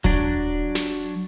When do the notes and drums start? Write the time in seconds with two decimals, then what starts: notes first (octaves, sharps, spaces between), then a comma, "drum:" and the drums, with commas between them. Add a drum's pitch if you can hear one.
0.04 F#3 D4, drum: kick D#1
0.75 drum: snare